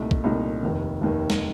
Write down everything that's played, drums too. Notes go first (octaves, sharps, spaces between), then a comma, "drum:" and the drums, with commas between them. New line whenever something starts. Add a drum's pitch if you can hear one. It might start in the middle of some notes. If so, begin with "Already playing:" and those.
Already playing: C2 A#2 A3 D#4
drum: kick
C2 A#2 A3 D#4
F1 D#2 D#3
F1 D#2 D#3
drum: snare